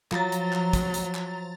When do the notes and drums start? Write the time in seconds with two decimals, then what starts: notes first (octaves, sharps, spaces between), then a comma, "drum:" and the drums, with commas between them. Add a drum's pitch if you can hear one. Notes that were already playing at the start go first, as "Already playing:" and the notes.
0.12 F3 F#3 A#5 A6, drum: clap
0.32 drum: hi-hat
0.53 drum: clap
0.73 drum: kick, hi-hat
0.94 drum: hi-hat
1.15 drum: clap